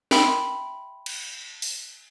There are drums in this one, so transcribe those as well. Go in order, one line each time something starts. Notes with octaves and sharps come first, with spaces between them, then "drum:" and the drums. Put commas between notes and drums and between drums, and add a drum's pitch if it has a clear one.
E5 G5 B5 C6, drum: snare
drum: cymbal
drum: open hi-hat